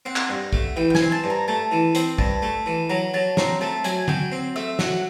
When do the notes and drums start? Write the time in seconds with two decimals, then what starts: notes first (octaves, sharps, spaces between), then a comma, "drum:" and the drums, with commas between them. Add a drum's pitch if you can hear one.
0.05 C4 F#5
0.16 drum: clap
0.29 G2
0.53 A3, drum: kick A#1
0.76 E3 G5
0.90 G5
0.95 G#5, drum: snare
1.01 C4
1.12 A5
1.24 G2
1.30 A#5
1.48 A3 A5
1.71 E3
1.95 C4, drum: hi-hat
2.18 G2 A5, drum: kick A#1
2.42 A3
2.66 E3
2.89 F#3 A#5
3.14 F#3 A5
3.37 C4 A#5, drum: snare
3.61 A3 A5
3.84 F#3 G#5, drum: hi-hat
4.08 F#3 G5, drum: tom
4.32 C4
4.56 A3 E5
4.79 F#3 F#5, drum: snare